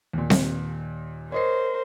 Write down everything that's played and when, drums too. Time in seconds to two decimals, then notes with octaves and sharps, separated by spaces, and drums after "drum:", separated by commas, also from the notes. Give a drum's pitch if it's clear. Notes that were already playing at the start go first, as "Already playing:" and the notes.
0.13 D#2 A#2
0.30 drum: snare C4
1.32 A#4 C5 C#5 D#5 C7